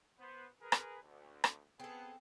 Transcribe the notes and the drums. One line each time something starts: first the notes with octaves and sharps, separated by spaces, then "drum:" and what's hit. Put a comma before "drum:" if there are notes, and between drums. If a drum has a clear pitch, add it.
B3 C5
G#4 A#4 B4
drum: rim click
D2
drum: rim click
B3 C4 G#4 A4